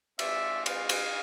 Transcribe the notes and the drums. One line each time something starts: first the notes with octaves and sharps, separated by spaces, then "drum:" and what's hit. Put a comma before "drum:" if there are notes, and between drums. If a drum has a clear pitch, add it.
G#3 C4 F4 D5 E5, drum: cymbal
D#5 F5, drum: cymbal
drum: cymbal